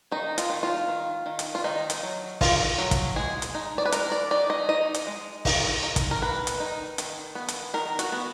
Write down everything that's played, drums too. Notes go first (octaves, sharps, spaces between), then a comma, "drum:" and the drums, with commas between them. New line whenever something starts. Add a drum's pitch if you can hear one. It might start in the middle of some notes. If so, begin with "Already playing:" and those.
D#3 D#4
F4, drum: hi-hat
D#3
F4
D#3
D#3
drum: hi-hat
F4
D#3 D#4
drum: hi-hat
F#3
D#3 F4, drum: kick, open hi-hat
F#3
drum: kick, hi-hat
G#3 G#4
drum: hi-hat
D#4
D5
B4
G#3 A#4, drum: hi-hat
D5
D#4 D5
D#5
D#4 D#5
drum: hi-hat
G#3
D#4, drum: kick, open hi-hat
D#4
drum: kick, hi-hat
A#4
D#3 B4
drum: hi-hat
D#4
D#3, drum: hi-hat
B3
drum: hi-hat
D#3 A#4
F#4, drum: hi-hat
B3